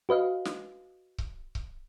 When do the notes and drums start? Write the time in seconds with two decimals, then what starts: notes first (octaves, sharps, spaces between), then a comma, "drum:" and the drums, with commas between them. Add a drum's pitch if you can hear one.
0.09 F#4 B4 D#5 F5
0.45 drum: snare
1.18 drum: kick C#1
1.55 drum: kick C#1